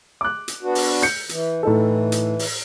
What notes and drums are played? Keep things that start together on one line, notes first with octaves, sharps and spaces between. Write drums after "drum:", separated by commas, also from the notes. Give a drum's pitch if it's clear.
D6 F#6
drum: hi-hat
B3 D4 F#4
drum: open hi-hat
G6 C#7, drum: hi-hat
E3, drum: hi-hat
A2 E3 D#4 A4
drum: hi-hat
drum: open hi-hat